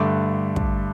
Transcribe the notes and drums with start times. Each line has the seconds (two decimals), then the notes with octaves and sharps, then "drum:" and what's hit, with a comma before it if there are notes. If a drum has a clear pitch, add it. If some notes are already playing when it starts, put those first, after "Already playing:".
Already playing: G2 D3 A3 D6
0.56 drum: kick